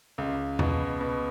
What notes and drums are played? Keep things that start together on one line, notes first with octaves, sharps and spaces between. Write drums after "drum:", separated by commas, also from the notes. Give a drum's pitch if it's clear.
C#2
B2, drum: tom E2
B2